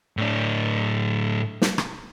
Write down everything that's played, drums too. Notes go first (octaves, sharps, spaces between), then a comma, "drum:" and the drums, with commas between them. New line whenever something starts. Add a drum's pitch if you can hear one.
A2 D4
drum: snare
drum: rim click